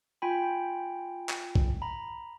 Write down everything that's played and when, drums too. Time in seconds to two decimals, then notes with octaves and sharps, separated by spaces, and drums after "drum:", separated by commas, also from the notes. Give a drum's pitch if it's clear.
0.22 F4 G5 G#5 B5
1.29 drum: clap
1.55 drum: kick
1.82 A#5 B5